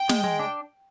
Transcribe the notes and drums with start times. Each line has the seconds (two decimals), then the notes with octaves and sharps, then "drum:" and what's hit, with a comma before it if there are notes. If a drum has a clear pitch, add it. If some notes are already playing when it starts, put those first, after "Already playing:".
Already playing: G5
0.09 G#3, drum: snare
0.24 G#3
0.39 D4